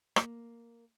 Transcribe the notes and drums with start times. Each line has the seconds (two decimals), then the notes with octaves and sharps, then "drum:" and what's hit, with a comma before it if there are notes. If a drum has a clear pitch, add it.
0.16 A#3, drum: rim click